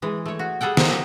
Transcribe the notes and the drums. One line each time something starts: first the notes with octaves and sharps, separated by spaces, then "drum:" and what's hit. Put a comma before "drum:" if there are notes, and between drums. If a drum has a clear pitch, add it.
E3 G#3
A3 C#5
F#4
G3 G#4 A4 F#5 G5
F3 D#4, drum: snare
F#3 G4